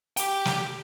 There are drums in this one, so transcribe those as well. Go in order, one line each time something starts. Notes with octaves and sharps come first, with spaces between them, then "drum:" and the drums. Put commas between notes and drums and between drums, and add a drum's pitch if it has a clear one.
G4 G5, drum: hi-hat
drum: snare